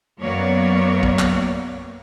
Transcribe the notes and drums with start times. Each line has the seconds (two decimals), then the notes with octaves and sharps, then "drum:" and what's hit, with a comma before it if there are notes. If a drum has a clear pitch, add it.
0.22 F#2 F#3 A#3 B3 C#5 D5
1.03 drum: kick A#1
1.19 drum: clap